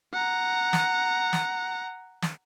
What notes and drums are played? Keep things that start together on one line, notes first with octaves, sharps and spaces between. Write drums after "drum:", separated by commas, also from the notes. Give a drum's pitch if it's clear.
F#5 A#5
drum: snare
drum: snare
drum: snare